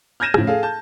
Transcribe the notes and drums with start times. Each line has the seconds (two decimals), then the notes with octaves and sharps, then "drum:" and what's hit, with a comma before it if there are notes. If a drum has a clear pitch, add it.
0.20 F6 G6 G#6 A#6 D#7 E7
0.34 A2 C#3 F3, drum: rim click
0.47 G#4 A4 F5
0.63 A5 G6